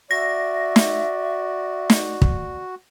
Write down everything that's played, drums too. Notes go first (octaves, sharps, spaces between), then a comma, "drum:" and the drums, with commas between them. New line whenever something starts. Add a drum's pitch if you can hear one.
F#4 D5 E5 A#6
drum: snare
drum: snare
drum: kick